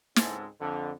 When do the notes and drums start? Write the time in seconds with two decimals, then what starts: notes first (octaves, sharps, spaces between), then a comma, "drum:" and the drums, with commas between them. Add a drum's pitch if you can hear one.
0.16 C#2 G#2 G#3 C4 A4, drum: snare
0.60 F2 D3